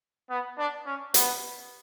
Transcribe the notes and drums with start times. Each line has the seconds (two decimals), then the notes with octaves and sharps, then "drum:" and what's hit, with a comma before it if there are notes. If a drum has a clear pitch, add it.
0.30 B3
0.58 D4
0.86 C#4
1.14 B3, drum: hi-hat